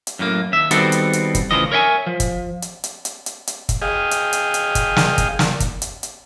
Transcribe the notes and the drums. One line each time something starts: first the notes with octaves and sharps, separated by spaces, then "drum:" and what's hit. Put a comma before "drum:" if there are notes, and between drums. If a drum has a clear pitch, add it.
drum: hi-hat
F#2 A2 A#3
D#2 E5
D#3 G3 B3 C4 F#4 A4, drum: hi-hat
drum: hi-hat
drum: hi-hat
drum: kick, hi-hat
A2 C#3 E3 F3 D#5
A#4 C#5 E5 G5 G#5
F3
drum: kick, hi-hat
drum: hi-hat
drum: hi-hat
drum: hi-hat
drum: hi-hat
drum: hi-hat
drum: kick, hi-hat
G#4 D#5 F5 G5
drum: hi-hat
drum: hi-hat
drum: hi-hat
drum: kick, hi-hat
drum: snare
drum: kick, hi-hat
drum: snare
drum: kick, hi-hat
drum: hi-hat
drum: hi-hat